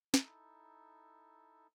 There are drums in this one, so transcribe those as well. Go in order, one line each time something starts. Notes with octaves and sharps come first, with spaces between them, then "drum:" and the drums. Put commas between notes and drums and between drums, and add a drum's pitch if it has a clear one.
D#4 E4 A4, drum: snare